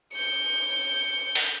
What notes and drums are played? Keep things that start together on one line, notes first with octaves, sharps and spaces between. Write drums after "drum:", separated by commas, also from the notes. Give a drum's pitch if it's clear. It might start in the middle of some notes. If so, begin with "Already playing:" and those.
G6 C#7
drum: open hi-hat